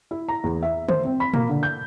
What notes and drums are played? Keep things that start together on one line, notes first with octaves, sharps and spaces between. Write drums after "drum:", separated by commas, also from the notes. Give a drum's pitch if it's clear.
E4
A#5
E2
E5
C5, drum: tom D3
C4
B5
A#3, drum: tom A#2
D3
G6